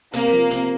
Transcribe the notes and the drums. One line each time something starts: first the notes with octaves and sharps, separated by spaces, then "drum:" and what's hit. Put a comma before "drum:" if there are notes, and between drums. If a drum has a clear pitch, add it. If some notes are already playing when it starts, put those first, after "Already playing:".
C3 A#3, drum: hi-hat
F3
C3, drum: hi-hat